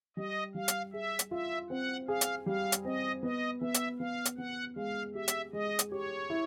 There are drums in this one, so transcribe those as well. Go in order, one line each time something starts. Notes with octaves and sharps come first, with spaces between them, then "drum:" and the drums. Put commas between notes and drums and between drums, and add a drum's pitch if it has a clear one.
G3 D#5
G3 F5
drum: hi-hat
G#4 E5
drum: hi-hat
F4 E5
C4 F#5
G#4 F5
drum: hi-hat
G3 F5
drum: hi-hat
C4 D#5
B3 D#5
B3 E5
drum: hi-hat
B3 F5
drum: hi-hat
B3 F#5
G#3 F5
G4 E5
drum: hi-hat
G#3 D#5
drum: hi-hat
G4 C#5
E4